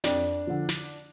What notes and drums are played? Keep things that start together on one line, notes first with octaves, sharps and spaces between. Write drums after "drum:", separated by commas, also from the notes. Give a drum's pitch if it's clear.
F2 D4, drum: snare
D3 F3
drum: snare